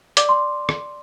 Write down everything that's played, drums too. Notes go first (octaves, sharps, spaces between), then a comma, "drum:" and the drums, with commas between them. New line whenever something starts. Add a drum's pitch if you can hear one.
D5 D6, drum: hi-hat
C6
drum: rim click